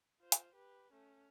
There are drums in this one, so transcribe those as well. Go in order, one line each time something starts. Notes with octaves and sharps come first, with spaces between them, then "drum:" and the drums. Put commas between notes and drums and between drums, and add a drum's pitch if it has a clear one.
F4 C5
drum: hi-hat
G4 B4
A3 C#4